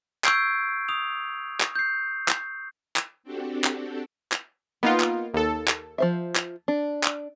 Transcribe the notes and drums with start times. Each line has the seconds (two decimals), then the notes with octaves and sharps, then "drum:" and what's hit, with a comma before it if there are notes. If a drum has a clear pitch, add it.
0.24 C#6 E6 G6 G#6 C7 D7, drum: clap
0.88 D#6 F7
1.60 drum: clap
1.75 G6 C7
2.28 drum: clap
2.96 drum: clap
3.23 C4 D4 F#4 G4 A4
3.64 drum: clap
4.32 drum: clap
4.83 A#3 B3 D#4 F4
5.00 drum: clap
5.34 D#2 A4
5.68 drum: clap
5.98 F3 C5 E5
6.36 drum: clap
6.68 D4
7.03 drum: clap